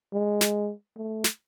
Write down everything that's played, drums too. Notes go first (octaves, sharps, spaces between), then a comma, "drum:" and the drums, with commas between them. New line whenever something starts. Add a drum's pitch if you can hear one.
G#3
drum: snare
A3
drum: snare